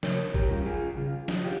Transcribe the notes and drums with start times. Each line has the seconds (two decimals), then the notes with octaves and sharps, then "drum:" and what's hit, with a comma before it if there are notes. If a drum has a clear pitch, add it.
0.03 C#3 A#4 C#5, drum: snare
0.34 G4 A#4, drum: kick
0.50 G3 C#4 F4
0.66 F4 G#4
0.97 C#3 F4
1.28 drum: snare
1.44 F4 G4